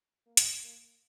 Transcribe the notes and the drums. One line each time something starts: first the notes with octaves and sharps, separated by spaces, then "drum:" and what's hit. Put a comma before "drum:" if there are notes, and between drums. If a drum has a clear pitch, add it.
A#3
drum: hi-hat
A#3